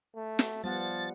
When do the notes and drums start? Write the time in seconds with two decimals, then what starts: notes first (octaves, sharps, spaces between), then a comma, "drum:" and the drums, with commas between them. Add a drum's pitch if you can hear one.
0.16 A3
0.39 drum: snare
0.64 F3 G3 B3 F#5 A6